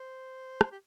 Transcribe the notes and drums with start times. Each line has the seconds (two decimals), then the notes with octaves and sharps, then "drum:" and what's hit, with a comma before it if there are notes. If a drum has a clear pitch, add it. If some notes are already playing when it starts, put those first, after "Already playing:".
Already playing: C5
0.61 drum: rim click
0.71 G4